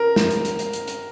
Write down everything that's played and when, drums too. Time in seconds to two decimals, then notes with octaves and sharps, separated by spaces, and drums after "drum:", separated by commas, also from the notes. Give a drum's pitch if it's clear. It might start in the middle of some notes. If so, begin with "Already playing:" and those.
Already playing: A#4
0.16 drum: snare
0.31 drum: hi-hat
0.45 drum: hi-hat
0.59 drum: hi-hat
0.73 drum: hi-hat
0.88 drum: hi-hat